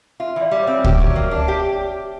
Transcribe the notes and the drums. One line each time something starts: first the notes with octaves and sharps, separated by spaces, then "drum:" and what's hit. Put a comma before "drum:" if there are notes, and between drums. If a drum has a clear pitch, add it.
F4 E5
E3
D5
G3
C4 C#5
G4, drum: kick
F#3
A#3
D4
G4